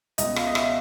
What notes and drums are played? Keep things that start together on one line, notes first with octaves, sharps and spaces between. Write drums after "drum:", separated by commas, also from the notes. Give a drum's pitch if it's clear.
C#2 B2 D#5, drum: hi-hat
F5, drum: rim click
D#5
E5, drum: rim click